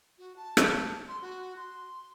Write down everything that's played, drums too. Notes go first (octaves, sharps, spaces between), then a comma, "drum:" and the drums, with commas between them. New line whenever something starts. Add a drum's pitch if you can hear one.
F#4
A5
drum: rim click
C6
F#4
C6